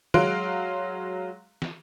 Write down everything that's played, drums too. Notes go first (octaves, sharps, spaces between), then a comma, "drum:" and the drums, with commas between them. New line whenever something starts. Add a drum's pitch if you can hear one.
F#3 G#3 F5 C6 F#6 D7, drum: tom
drum: snare